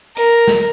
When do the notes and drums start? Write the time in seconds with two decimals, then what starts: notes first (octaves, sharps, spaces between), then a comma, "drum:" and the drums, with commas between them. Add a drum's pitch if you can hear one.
0.17 A#4, drum: hi-hat
0.47 drum: snare